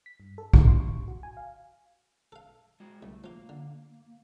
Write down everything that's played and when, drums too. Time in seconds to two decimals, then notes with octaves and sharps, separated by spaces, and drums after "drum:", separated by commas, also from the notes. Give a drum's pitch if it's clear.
0.06 B6
0.20 G2
0.38 A4
0.54 G4, drum: kick
0.68 C6
0.80 C#6
0.95 A#1
1.08 F#4
1.23 G#5
1.37 F5
2.32 A4 F5
2.80 G#3 F#4
3.03 C2 A3
3.24 F3 A#3 F4
3.49 D3